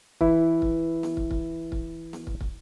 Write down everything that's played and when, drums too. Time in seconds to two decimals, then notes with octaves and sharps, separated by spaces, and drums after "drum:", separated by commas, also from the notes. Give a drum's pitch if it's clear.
0.21 E3 E4, drum: kick
0.62 drum: kick
1.03 drum: snare B3
1.17 drum: kick
1.31 drum: kick
1.72 drum: kick
2.13 drum: snare B3
2.27 drum: kick
2.41 drum: kick